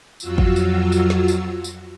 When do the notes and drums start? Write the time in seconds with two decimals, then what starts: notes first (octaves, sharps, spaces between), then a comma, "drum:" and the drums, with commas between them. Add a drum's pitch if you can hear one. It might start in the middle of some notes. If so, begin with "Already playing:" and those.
0.20 F2 F#3 F4 F#4 E6, drum: tambourine
0.38 drum: kick
0.56 drum: tambourine
0.92 drum: tambourine
1.10 drum: snare
1.28 drum: tambourine
1.64 drum: tambourine